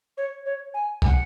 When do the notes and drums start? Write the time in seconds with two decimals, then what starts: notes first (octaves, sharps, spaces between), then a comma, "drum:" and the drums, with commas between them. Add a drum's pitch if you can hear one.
0.17 C#5
0.45 C#5
0.74 G#5
1.02 G#5, drum: kick
1.06 F#5